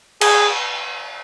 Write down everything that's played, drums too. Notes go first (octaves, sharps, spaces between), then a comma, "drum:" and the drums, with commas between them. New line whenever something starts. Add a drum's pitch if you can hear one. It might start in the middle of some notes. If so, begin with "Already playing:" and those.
G#4, drum: cymbal